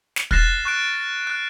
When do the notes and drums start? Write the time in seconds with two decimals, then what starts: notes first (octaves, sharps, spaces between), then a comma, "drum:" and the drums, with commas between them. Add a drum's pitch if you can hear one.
0.16 drum: snare
0.31 F6 F#6 A6 A#6 C7 E7, drum: kick
0.65 C#6 F#6 D7
1.27 F#6